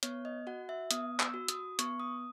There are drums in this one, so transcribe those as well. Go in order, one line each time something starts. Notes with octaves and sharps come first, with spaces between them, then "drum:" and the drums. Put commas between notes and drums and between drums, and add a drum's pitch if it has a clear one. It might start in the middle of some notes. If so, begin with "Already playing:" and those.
B3 C#5, drum: hi-hat
D#5
F#4 F#5
E5
B3 D#6, drum: hi-hat
E6, drum: clap
F#4
D#6, drum: hi-hat
B3 C#6, drum: hi-hat
D#6